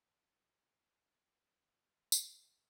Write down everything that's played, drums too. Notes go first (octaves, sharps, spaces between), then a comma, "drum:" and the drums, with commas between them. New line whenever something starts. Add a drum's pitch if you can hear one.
A3 B4 F5
drum: tambourine
A4 A#4
C#6